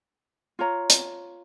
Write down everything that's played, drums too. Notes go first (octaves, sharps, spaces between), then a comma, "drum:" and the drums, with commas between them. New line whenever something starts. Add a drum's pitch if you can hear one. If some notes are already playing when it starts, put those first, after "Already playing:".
F4 C#5 A#5
drum: hi-hat